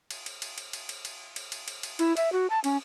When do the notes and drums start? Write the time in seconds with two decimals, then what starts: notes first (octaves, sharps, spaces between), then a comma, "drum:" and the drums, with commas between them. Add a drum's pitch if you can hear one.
0.11 drum: cymbal
0.26 drum: cymbal
0.42 drum: cymbal
0.58 drum: cymbal
0.73 drum: cymbal
0.89 drum: cymbal
1.05 drum: cymbal
1.36 drum: cymbal
1.52 drum: cymbal
1.68 drum: cymbal
1.83 drum: cymbal
1.99 E4, drum: cymbal
2.17 E5, drum: cymbal
2.32 F#4
2.50 A5
2.64 C#4, drum: cymbal